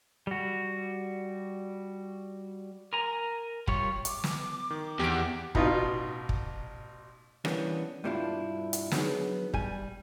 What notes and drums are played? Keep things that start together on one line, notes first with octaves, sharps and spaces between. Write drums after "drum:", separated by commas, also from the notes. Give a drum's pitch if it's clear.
G3 F#4
A#4 G#5 A#5
G3 F4 C#5, drum: kick
D6, drum: hi-hat
drum: snare
D#3
E2 G4 D7
A1 B2 D#4 F4, drum: kick
drum: kick
E3 G3 A#3 B3 C#4 D4, drum: rim click
G2 B2 G3 D4 E4 F4
drum: hi-hat
F#3 B3 D4 D#4 G#4, drum: snare
G3 G#5, drum: kick